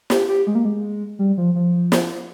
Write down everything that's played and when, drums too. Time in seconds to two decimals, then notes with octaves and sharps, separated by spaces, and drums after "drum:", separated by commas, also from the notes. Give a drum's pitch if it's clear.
0.10 G4, drum: snare
0.29 G4
0.47 G#3
0.55 A#3
0.65 G#3
1.19 G3
1.38 F3
1.55 F3
1.92 drum: snare